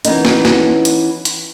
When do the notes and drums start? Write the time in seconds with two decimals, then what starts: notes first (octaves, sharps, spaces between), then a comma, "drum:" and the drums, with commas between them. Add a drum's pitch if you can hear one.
0.05 E3 B3 C#4 D#4, drum: hi-hat
0.25 drum: snare
0.45 drum: snare
0.85 drum: hi-hat
1.25 drum: hi-hat